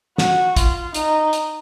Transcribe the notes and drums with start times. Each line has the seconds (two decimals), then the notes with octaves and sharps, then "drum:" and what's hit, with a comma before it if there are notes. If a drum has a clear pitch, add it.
0.18 F#4, drum: snare
0.56 F4, drum: kick, hi-hat
0.94 D#4, drum: hi-hat
1.33 drum: hi-hat